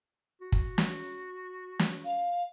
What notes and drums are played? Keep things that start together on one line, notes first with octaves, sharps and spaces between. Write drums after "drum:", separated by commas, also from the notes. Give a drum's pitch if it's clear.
F#4
drum: kick
drum: snare
drum: snare
F5